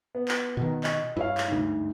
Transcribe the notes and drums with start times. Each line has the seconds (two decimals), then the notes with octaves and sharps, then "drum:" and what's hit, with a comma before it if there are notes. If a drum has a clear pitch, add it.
0.15 B3
0.28 drum: clap
0.57 B2 D#3
0.84 D#5 C#6, drum: clap
1.17 G2 E4 C#5 F5
1.38 drum: clap
1.47 D2 G#2